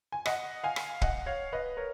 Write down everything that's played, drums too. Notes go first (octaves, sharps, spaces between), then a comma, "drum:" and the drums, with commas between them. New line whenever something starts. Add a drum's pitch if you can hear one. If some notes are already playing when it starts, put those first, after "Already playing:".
G#5
D#5 F#5, drum: rim click
F5 G#5
drum: rim click
D#5 F#5, drum: kick
C#5 F5
B4 D#5
A#4 C#5